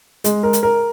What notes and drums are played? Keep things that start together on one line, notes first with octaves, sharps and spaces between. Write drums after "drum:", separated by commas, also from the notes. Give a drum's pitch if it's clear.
G#3, drum: hi-hat
A#4
drum: hi-hat
A#4